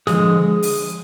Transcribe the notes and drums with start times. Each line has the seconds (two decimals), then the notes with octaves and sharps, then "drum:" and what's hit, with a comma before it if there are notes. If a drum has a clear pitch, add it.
0.07 D3 F3 G#3 G#4, drum: snare
0.63 drum: open hi-hat